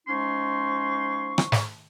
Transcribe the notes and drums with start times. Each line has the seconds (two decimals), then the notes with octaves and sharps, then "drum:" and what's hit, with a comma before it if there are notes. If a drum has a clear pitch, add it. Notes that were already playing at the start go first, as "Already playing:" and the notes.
0.08 F3 G#3 C#4 D#4 C6 C#6
1.38 drum: rim click
1.52 drum: snare